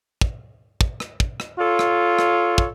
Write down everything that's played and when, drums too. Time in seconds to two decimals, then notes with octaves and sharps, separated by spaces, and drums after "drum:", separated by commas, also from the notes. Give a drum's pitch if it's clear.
0.21 drum: kick
0.81 drum: kick
1.00 drum: rim click
1.20 drum: kick
1.40 drum: rim click
1.59 F4 A4 C#5
1.79 drum: rim click
2.19 drum: rim click
2.58 drum: kick